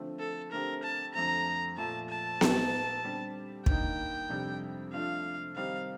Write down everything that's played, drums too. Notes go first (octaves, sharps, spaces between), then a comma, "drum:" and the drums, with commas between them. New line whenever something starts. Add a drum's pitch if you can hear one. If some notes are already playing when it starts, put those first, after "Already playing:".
Already playing: D3 F3 A3 C4
A4
D3 A3 C4 G4 A#4
A5
F2 D3 F3 A3 C4 A#5
A#2 F3 A3 A5
A5
A#2 A3 D#4 G4, drum: snare B3
D3 G3 C4 G4
G2 D#3 A#3 D#4 G5, drum: kick
F2 C3 G3 D4
F3 A3 D4 F4 F5
D#3 G3 C4 D#4 G4 F5